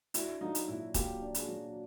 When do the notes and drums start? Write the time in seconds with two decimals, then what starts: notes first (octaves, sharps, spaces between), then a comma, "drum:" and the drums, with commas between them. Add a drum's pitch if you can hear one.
0.14 D4 E4 F#4, drum: hi-hat
0.41 F#3 D#4 F4
0.55 drum: hi-hat
0.68 A#2 E4 F#4
0.94 A#3 F4 G4, drum: kick, hi-hat
1.22 D4
1.35 F#4 G#4, drum: hi-hat
1.48 F#3